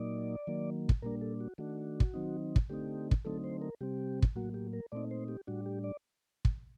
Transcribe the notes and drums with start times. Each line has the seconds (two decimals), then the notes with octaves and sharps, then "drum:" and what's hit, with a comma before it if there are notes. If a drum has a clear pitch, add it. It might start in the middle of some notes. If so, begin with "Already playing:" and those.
Already playing: A#2 F#3 A#3 D#4 D5
0.47 D#3 F#3 A#3
0.89 drum: kick
1.02 A#2 G3 A#3 D4 A#4
1.21 A4
1.41 F#4
1.58 D#3 A3 D4 F#4
2.00 drum: kick
2.14 D#3 F#3 C4 D#4
2.56 drum: kick
2.69 D3 A3 C4 D#4 G4
3.11 drum: kick
3.25 D3 F#3 A3 C4 D#4 A4
3.44 C5
3.62 A#4
3.81 C3 G3 C4 G4
4.22 drum: kick
4.36 A2 F#3 A#3 F#4
4.54 G4
4.73 A#4
4.92 A#2 A3 C4 D#4 D5
5.11 C5
5.28 G4
5.47 A2 G3 D4 F#4
5.66 G4
5.84 D5
6.45 drum: kick